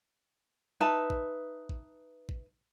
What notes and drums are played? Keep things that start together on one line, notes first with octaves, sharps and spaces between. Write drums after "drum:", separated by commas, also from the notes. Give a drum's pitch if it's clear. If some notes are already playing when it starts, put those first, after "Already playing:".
D#4 B4 E5 A5
drum: kick
drum: kick
drum: kick